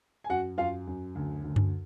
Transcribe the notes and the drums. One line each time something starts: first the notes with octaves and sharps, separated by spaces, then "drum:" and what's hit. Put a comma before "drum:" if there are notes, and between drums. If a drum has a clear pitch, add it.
G#5
F#2 F#4 F#5
F#2 F4 F5
F#2
D2
D2
drum: tom F#2